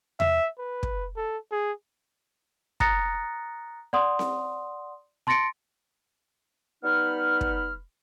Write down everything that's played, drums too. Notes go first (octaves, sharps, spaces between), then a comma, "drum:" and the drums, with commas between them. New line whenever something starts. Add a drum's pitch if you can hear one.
E5, drum: tom E2
B4
drum: kick
A4
G#4
A#5 D#6 F#6 A6 A#6 C#7, drum: kick
D5 F#5 C6 D#6
drum: snare C4
A5 C6 A6 A#6 C#7 D7
G3 B3 D#4 B5 F6
drum: kick